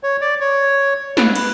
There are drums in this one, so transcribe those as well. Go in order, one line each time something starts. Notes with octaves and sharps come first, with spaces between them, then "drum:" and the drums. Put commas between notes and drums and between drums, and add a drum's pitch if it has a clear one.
C#5
D5
C#5
B4, drum: snare
B4, drum: cymbal